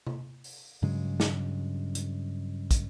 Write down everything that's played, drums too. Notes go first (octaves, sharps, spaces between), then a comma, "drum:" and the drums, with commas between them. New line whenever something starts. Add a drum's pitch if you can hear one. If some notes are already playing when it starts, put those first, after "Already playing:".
drum: tom C3
drum: open hi-hat
G2 C#3 F#3 G#3
drum: snare
drum: hi-hat
drum: kick, hi-hat